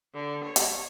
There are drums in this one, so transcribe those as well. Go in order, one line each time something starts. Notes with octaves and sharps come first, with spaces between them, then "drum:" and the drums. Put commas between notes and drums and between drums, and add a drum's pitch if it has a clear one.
D3
C#5
drum: hi-hat